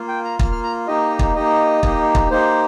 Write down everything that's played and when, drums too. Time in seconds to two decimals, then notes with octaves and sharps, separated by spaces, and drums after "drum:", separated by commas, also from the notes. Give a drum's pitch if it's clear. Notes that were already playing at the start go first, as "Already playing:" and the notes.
Already playing: A#3 F4
0.08 G5
0.24 A#5
0.39 A#3 F4 F6, drum: kick
0.52 F6
0.63 A#5
0.87 A#3 D#4 G4 D#5
1.19 drum: kick
1.35 A#3 D#4 G4 D#5
1.83 A#3 D#4 G4, drum: kick
2.15 drum: kick
2.30 A#3 D#4 G4 C5